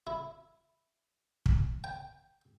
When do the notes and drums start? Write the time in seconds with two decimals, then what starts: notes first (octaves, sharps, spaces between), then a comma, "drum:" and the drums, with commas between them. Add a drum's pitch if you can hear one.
0.07 E4
1.46 drum: kick
1.84 G5